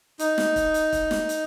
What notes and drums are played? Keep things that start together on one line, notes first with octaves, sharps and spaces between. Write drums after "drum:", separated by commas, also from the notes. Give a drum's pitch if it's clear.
D#4, drum: hi-hat
drum: snare
drum: kick, hi-hat
drum: hi-hat
drum: kick, hi-hat
drum: snare
drum: hi-hat